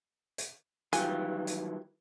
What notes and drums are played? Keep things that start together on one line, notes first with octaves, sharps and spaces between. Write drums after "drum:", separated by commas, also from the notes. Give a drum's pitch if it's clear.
drum: hi-hat
D#3 E3 F#3 G3 F4 G4 G#5, drum: hi-hat
drum: hi-hat